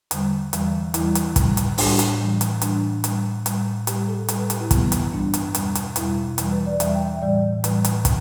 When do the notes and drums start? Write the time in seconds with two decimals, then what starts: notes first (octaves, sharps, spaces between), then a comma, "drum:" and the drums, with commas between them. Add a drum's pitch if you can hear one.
0.11 E2 D3 G3, drum: hi-hat
0.53 E2 E3 G3, drum: hi-hat
0.94 E2 E3 G3 E4, drum: hi-hat
1.15 drum: hi-hat
1.36 A2 G3, drum: kick, hi-hat
1.57 drum: hi-hat
1.78 A2 G3 D4, drum: open hi-hat
1.99 drum: hi-hat
2.20 A2 E3 G3
2.41 drum: hi-hat
2.62 A2 E3 G3 D4, drum: hi-hat
3.04 A2 G3, drum: hi-hat
3.46 A2 G3, drum: hi-hat
3.87 A2 G3 G4, drum: hi-hat
4.08 A4
4.29 A2 G3 A4, drum: hi-hat
4.39 B4
4.50 G4, drum: hi-hat
4.60 E4
4.71 G2 E3 G3 B3, drum: kick, hi-hat
4.92 drum: hi-hat
5.12 G2 E3 G3 D4
5.34 drum: hi-hat
5.55 E2 B2 G3, drum: hi-hat
5.75 drum: hi-hat
5.96 E2 B2 G3 E4, drum: hi-hat
6.38 E2 E3 G3, drum: hi-hat
6.52 B4
6.66 D5
6.80 E2 E3 G3 E5, drum: hi-hat
6.94 G5
7.08 E5
7.22 A2 E3 G3 D5
7.64 A2 E3 G3 B4, drum: hi-hat
7.85 drum: hi-hat
8.05 A2, drum: kick, hi-hat